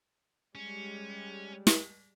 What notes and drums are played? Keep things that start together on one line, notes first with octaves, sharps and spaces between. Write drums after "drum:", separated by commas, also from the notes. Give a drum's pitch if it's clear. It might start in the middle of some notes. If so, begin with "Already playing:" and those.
G3 G#3 C#4
drum: snare